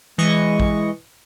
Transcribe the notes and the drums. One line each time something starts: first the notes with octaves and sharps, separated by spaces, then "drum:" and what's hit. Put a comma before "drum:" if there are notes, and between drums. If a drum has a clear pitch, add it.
E3 G#3 D#5 C#6
drum: kick A#1